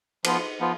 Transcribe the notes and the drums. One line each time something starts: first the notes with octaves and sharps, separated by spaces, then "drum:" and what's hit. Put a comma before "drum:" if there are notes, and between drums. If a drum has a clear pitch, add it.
F3 B3 F4, drum: cymbal
F3 B3 F4